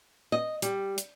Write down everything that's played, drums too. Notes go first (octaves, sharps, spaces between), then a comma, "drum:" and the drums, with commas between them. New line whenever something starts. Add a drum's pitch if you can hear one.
D#5
G3, drum: hi-hat
drum: hi-hat